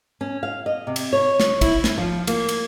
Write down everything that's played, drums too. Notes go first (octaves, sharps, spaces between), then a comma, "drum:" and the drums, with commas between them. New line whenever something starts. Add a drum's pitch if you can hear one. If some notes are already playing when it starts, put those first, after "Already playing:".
C#4
F5
D#5
C3
drum: cymbal
C#5
drum: snare
E4, drum: kick, cymbal
C#4, drum: snare
F3
A#3, drum: cymbal
drum: cymbal